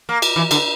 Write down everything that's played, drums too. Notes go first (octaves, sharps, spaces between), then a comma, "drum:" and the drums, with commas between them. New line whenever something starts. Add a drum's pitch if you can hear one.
A#3
drum: cymbal
E3
D3, drum: cymbal